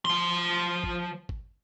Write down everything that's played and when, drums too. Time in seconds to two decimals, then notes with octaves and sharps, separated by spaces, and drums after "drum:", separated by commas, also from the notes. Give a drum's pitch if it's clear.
0.05 F3 C6, drum: tom
0.84 drum: kick
1.29 drum: kick